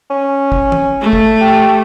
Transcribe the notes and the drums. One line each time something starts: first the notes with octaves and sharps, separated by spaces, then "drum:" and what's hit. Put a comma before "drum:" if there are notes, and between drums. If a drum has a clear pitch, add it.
C#4
drum: kick
drum: tom
A3
drum: kick
G4